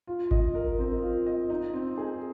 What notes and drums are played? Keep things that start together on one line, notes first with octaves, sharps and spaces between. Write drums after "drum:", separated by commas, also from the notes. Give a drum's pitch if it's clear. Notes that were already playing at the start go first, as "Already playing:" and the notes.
F4
D#5, drum: kick G#1
A#4
C4
F4
D#5
D#4
C4
G#4